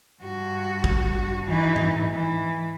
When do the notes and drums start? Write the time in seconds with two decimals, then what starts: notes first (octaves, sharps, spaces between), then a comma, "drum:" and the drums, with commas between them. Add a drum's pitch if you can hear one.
0.23 G2 F#4
0.84 drum: kick
1.45 E3 D#4
1.76 drum: tom G#2
2.13 E3